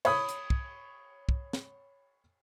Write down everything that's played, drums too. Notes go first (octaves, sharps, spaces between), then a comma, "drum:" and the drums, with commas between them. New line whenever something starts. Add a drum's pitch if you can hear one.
C#5 B5 D#6, drum: cymbal
drum: hi-hat
drum: kick
drum: kick
drum: snare